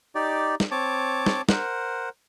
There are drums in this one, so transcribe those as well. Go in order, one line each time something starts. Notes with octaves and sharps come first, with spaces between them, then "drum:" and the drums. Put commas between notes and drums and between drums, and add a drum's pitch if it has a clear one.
D#4 G4 D5
drum: snare
C4 C#5 A5 D6
drum: snare
A#4 C5 F#5, drum: snare